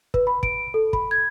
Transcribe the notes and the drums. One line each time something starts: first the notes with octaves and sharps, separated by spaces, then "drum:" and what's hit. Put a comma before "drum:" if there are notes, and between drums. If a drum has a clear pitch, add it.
B4, drum: kick
B5
D7, drum: kick
A4
B5, drum: kick
G#6